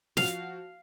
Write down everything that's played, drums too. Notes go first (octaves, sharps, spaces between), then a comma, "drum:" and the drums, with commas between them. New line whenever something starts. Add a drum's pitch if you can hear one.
F3 F#4 F5, drum: snare